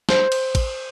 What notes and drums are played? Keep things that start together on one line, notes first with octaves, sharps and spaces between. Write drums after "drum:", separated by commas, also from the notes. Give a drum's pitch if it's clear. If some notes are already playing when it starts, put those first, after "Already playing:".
C5, drum: snare
drum: cymbal
drum: kick, cymbal